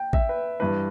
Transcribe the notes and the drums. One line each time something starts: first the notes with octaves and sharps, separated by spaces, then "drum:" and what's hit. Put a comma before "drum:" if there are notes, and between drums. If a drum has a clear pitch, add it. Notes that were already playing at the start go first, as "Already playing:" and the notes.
Already playing: G5
E5, drum: kick
B4
G2 E3 B4